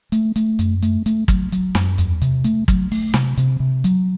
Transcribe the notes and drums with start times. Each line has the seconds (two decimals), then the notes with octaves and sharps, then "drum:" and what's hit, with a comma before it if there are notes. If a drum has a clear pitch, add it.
0.12 A3, drum: hi-hat
0.36 A3, drum: hi-hat
0.59 F#2, drum: hi-hat
0.82 A3, drum: hi-hat
1.06 A3, drum: hi-hat
1.28 F#3, drum: kick, hi-hat
1.52 F#3, drum: hi-hat
1.75 F#2, drum: snare
1.98 E2, drum: hi-hat
2.22 C3, drum: hi-hat
2.44 A3, drum: hi-hat
2.68 F#3, drum: kick, hi-hat
2.92 A3, drum: open hi-hat
3.14 C3, drum: snare
3.37 C3, drum: hi-hat
3.60 C3
3.84 F#3, drum: hi-hat